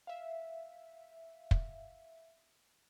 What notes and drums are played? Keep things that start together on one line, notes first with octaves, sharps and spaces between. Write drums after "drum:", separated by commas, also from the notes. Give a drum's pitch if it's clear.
E5 F5
drum: kick